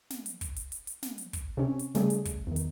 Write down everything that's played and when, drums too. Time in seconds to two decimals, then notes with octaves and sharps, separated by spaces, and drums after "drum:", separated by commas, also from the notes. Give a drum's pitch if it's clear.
0.10 drum: snare
0.26 drum: hi-hat
0.41 drum: kick, hi-hat
0.56 drum: hi-hat
0.72 drum: hi-hat
0.87 drum: hi-hat
1.03 drum: snare
1.18 drum: hi-hat
1.33 drum: kick, hi-hat
1.57 C3 C#4
1.79 drum: hi-hat
1.95 C#3 G3 A3 G#4, drum: snare
2.10 drum: hi-hat
2.25 drum: kick, hi-hat
2.47 E2 D#3
2.56 drum: hi-hat